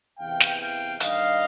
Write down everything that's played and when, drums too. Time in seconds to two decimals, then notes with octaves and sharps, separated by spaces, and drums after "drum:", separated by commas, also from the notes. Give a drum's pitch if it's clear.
0.19 E2 C3 E3 F5 G5
0.40 drum: snare
0.60 F5 G5
1.00 G2 D#3 G3 D#5 F5, drum: hi-hat